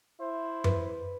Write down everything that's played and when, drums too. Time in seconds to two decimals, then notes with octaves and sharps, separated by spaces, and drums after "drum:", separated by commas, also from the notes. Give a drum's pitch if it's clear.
0.21 E4 C5
0.64 B4, drum: tom F#2